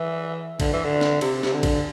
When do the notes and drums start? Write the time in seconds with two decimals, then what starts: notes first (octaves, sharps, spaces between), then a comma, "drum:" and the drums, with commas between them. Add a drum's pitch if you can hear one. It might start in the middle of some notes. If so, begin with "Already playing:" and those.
Already playing: E3
0.60 D3, drum: kick A1, cymbal
0.73 E3
0.84 D3
1.01 drum: snare
1.21 C3, drum: cymbal
1.43 C3, drum: snare
1.53 D3
1.63 drum: kick A1, cymbal